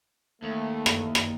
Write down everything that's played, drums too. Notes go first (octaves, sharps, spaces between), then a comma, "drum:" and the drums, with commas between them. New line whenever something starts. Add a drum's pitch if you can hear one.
D#2 A3
drum: rim click
drum: rim click